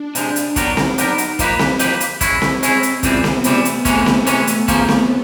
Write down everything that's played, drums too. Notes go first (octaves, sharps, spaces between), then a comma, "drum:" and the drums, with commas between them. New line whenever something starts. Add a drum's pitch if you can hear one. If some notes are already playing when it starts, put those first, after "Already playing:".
Already playing: D4
C3 F3 G#3, drum: hi-hat
drum: hi-hat
F#3 B3 D4 D#4 G4 A#4, drum: kick, hi-hat
drum: snare C4
F#3 B3 D4 G4 A#4, drum: hi-hat
drum: hi-hat
F3 A#3 D#4 G4 B4, drum: kick, hi-hat
drum: snare C4
F3 A#3 D#4 G4 B4, drum: hi-hat
drum: hi-hat
G#3 C4 C#4 E4, drum: kick, hi-hat
drum: snare C4
G#3 C#4 E4, drum: hi-hat
drum: hi-hat
C#2 C3 E3 G3 B3 C4, drum: kick, hi-hat
drum: snare C4
C#2 C3 E3 G3 A3 C4, drum: hi-hat
drum: hi-hat
C3 E3 G#3 C#4, drum: kick, hi-hat
drum: snare C4
C3 E3 G#3 C#4, drum: hi-hat
drum: hi-hat
D#2 C#3 F3 A#3 C#4, drum: kick, hi-hat
drum: snare C4